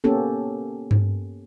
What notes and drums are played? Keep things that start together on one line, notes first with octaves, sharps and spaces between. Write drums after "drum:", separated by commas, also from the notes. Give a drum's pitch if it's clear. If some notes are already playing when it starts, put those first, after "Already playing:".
A#3 B3 C#4 G4 A4
drum: tom G2